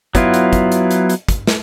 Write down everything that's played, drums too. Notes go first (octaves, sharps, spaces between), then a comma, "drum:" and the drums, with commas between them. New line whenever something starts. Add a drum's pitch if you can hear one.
F#3 B3 E4 F4, drum: kick, hi-hat
drum: hi-hat
drum: kick, hi-hat
drum: hi-hat
drum: hi-hat
drum: hi-hat
drum: kick, hi-hat
drum: snare